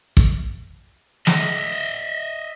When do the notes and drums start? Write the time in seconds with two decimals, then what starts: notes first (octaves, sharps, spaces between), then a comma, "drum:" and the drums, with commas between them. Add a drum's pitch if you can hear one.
0.17 drum: kick
1.27 D#5 E5, drum: snare